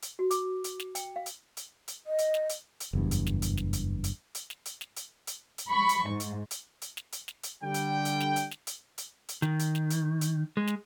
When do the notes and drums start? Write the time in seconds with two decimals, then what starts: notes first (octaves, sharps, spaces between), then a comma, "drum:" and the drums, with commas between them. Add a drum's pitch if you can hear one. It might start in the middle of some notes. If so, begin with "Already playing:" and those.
0.02 drum: hi-hat
0.19 F#4
0.31 D6, drum: hi-hat
0.64 drum: hi-hat
0.80 drum: snare
0.95 G5, drum: hi-hat
1.16 F5
1.26 drum: hi-hat
1.57 drum: hi-hat
1.88 drum: hi-hat
2.07 D#5
2.18 drum: hi-hat
2.34 drum: snare
2.49 drum: hi-hat
2.80 drum: hi-hat
2.93 F#1 E2 G2
3.11 drum: hi-hat
3.27 drum: snare
3.42 drum: hi-hat
3.57 drum: snare
3.73 drum: hi-hat
4.04 drum: hi-hat
4.35 drum: hi-hat
4.50 drum: snare
4.65 drum: hi-hat
4.81 drum: snare
4.96 drum: hi-hat
5.27 drum: hi-hat
5.58 drum: hi-hat
5.70 B5 C#6
5.89 drum: hi-hat
6.09 G#2
6.20 drum: hi-hat
6.51 drum: hi-hat
6.82 drum: hi-hat
6.97 drum: snare
7.12 drum: hi-hat
7.28 drum: snare
7.43 drum: hi-hat
7.63 D3 G3 G5
7.74 drum: hi-hat
8.05 drum: hi-hat
8.20 drum: snare
8.36 drum: hi-hat
8.51 drum: snare
8.67 drum: hi-hat
8.98 drum: hi-hat
9.29 drum: hi-hat
9.42 D#3, drum: snare
9.59 drum: hi-hat
9.75 drum: snare
9.90 drum: hi-hat
10.21 drum: hi-hat
10.57 G#3
10.67 drum: snare